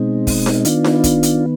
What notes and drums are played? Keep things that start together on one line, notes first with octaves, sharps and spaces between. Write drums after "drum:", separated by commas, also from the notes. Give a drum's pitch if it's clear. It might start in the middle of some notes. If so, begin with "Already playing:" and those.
Already playing: B2 G#3 C4 D#4
drum: kick, open hi-hat
drum: snare D#4
D#3 B3 D4 F4, drum: hi-hat
drum: snare D#4
drum: kick, hi-hat
drum: hi-hat